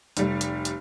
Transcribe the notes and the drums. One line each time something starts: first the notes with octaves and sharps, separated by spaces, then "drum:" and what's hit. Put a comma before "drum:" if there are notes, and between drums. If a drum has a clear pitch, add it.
F1 G3, drum: hi-hat
drum: hi-hat
drum: hi-hat